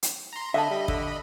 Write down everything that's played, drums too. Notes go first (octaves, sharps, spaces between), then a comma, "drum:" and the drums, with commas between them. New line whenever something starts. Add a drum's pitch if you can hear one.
drum: hi-hat
A#5 C6
D3 D#5 E5 A5 B5
G3
D3, drum: kick